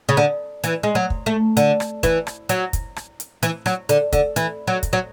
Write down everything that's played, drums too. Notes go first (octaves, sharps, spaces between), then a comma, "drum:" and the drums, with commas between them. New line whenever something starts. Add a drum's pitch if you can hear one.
C#3
D3
E3, drum: hi-hat
G#3
F#3
drum: kick
A3
D3, drum: hi-hat
drum: rim click
E3, drum: kick, hi-hat
drum: rim click
F#3, drum: hi-hat
drum: kick, hi-hat
drum: rim click
drum: hi-hat
E3, drum: hi-hat
F#3, drum: rim click
D3, drum: hi-hat
D3, drum: kick, hi-hat
E3, drum: hi-hat
F#3
drum: kick, hi-hat
F#3